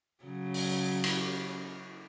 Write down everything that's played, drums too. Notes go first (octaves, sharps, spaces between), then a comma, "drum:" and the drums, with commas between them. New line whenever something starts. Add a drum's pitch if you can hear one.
C#3 F#3
drum: open hi-hat
drum: cymbal